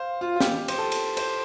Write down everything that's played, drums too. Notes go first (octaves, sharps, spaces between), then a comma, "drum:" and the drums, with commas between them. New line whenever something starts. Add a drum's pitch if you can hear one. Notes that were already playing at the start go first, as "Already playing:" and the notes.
Already playing: C5 F5
F4
F4
G4, drum: snare
C5, drum: cymbal
A4
drum: cymbal
C5, drum: cymbal